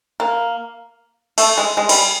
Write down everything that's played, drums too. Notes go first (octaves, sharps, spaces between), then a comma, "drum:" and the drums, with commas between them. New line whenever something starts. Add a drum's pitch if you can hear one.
A#3
A3, drum: cymbal
G#3
G#3
G3, drum: cymbal